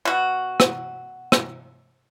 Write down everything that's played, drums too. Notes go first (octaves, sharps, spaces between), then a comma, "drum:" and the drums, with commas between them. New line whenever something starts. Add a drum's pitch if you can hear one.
B2 F#4
drum: rim click
drum: rim click